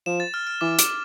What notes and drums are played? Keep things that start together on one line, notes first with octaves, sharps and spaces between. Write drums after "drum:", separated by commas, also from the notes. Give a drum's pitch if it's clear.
F3 E7
A6
F6
F6
E3 D6
D6, drum: hi-hat